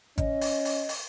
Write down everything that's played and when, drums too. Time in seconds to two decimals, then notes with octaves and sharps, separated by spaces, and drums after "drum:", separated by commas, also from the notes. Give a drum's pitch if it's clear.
0.18 C#4 D#5, drum: kick G#1, hi-hat
0.41 drum: open hi-hat
0.65 drum: open hi-hat
0.89 drum: open hi-hat